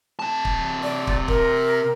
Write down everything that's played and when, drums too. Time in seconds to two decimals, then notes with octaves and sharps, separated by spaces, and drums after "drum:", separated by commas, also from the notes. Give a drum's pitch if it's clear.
0.19 C3 A5
0.45 drum: kick
0.83 D5
1.07 drum: kick
1.28 A#4, drum: kick